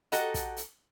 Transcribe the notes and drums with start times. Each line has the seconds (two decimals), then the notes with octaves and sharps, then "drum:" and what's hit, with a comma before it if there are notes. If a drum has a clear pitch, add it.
0.12 F#4 G4 A4 D#5 F#5 A#5, drum: hi-hat
0.34 drum: kick, hi-hat
0.57 drum: hi-hat